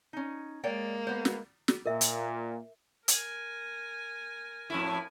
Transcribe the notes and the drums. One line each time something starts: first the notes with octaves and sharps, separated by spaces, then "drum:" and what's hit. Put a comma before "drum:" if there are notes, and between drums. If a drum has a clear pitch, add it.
C#4 D#4
G#3 A#3 C#5 D5 G5
B3 C5
drum: snare
drum: snare
A#2 A#4 E5
drum: hi-hat
A#4 G#5, drum: hi-hat
F2 A2 E4